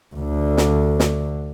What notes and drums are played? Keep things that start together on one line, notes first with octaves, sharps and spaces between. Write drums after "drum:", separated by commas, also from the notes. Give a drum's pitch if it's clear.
D2 D3
drum: snare
drum: snare